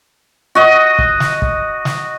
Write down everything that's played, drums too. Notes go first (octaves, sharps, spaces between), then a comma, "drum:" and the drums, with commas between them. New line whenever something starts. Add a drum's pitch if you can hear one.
F#4 D#5
drum: kick
drum: snare
drum: kick
drum: snare